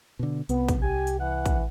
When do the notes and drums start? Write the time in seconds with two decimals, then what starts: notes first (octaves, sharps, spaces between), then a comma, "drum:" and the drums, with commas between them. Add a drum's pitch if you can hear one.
0.19 B2 D3
0.49 C2 B3, drum: hi-hat
0.69 drum: kick, hi-hat
0.82 G4 G#5
1.07 drum: hi-hat
1.20 E3 F#5
1.46 drum: kick, hi-hat